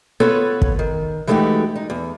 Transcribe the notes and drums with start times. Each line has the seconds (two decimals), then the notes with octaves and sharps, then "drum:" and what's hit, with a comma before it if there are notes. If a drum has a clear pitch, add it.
0.20 B3 F4 A4 B4 C#5
0.62 drum: kick
0.79 D#3
1.27 E3 G#3 A3 D#4 F#4 G4
1.76 D#4
1.90 E2